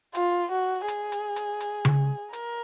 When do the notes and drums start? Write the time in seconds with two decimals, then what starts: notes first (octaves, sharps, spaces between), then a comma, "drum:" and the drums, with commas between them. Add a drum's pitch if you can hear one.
0.15 F4, drum: hi-hat
0.51 F#4
0.88 G#4, drum: hi-hat
1.12 drum: hi-hat
1.36 drum: hi-hat
1.60 drum: hi-hat
1.85 drum: tom C#3
2.33 A#4, drum: hi-hat